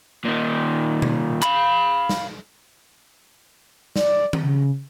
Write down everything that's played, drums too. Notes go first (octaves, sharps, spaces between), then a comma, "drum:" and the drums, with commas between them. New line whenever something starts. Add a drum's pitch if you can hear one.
A#2 D#3
drum: tom B2
F5 B5, drum: clap
drum: snare
D5, drum: snare
drum: tom D#3
C#3